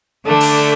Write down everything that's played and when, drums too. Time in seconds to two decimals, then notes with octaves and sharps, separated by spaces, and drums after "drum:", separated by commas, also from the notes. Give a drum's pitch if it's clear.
0.25 D3 A3 D4
0.40 drum: open hi-hat